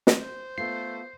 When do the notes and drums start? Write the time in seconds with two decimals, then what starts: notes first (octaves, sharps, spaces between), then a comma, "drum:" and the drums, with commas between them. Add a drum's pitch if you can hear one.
0.07 drum: snare
0.17 C5
0.58 A3 B3 F4 C7